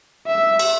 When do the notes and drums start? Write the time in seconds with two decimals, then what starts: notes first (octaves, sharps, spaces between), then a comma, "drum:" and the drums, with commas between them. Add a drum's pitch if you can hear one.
0.27 E5
0.59 drum: cymbal